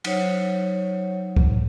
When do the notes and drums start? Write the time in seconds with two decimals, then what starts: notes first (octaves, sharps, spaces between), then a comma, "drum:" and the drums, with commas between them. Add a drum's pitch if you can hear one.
0.04 F#3 D#4 C5 C#5 F#5, drum: cymbal
1.36 drum: kick C#2